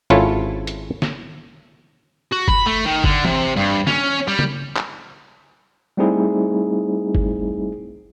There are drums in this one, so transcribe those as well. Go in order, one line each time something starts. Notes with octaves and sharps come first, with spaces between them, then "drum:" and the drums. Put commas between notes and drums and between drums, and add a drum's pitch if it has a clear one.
G#1 C#4 E4 F4 A4 C#5
drum: hi-hat
drum: snare
F#4
B5, drum: kick G1
A3
D#3
D3, drum: kick G1
C3, drum: tom E3
G2
C#4, drum: snare
G3
drum: tom C#3
drum: clap
G3 A3 C4 D#4 E4 G#4
drum: kick G1